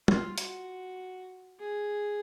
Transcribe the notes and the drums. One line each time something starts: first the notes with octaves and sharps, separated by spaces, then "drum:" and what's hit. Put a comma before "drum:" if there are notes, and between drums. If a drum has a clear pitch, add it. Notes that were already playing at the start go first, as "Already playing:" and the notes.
F4, drum: tom
F#4, drum: hi-hat
G#4